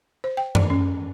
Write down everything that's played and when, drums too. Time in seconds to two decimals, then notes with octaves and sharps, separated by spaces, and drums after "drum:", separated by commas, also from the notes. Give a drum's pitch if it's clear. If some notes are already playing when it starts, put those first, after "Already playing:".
0.24 C5
0.37 G5
0.55 D5, drum: tom F#2
0.70 C#4